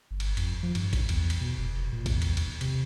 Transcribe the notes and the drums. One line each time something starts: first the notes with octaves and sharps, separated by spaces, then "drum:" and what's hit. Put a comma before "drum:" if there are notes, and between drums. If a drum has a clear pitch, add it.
G1
drum: cymbal
F2, drum: cymbal
F3
G2, drum: cymbal
A#1, drum: kick A1, cymbal
E2, drum: cymbal
drum: cymbal
B2
F1
A#2
E2, drum: kick A1, cymbal
drum: cymbal
D#2, drum: cymbal
C3, drum: cymbal